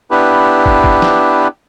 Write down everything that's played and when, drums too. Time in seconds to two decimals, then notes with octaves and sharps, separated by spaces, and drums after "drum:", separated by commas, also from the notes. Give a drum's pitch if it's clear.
0.11 B3 D4 E4 G4 B4
0.66 drum: kick
0.84 drum: kick
1.02 drum: snare